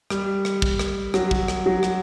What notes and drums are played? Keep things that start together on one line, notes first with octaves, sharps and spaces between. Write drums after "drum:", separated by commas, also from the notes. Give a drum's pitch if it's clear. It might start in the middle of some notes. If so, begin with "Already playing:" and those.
G3, drum: rim click
drum: rim click
drum: kick
drum: rim click
F#3, drum: rim click
drum: kick
drum: rim click
F#3
drum: rim click